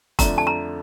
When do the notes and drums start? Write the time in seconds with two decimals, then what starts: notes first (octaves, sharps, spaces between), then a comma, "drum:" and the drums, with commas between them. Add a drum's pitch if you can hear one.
0.19 F2 D3 F3 A3 D4 A#5, drum: kick F1, hi-hat
0.38 A5
0.47 A#5